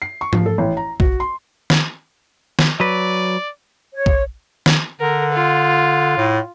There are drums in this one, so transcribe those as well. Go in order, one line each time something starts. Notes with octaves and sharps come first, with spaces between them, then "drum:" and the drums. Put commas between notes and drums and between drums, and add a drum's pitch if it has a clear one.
C7
C#6
F3, drum: tom G#2
A4
A1
A#5
F#4, drum: kick
C6
drum: snare
drum: snare
F#3 B4 D5
C#5
drum: kick
drum: snare
D3 A#4
F4
A2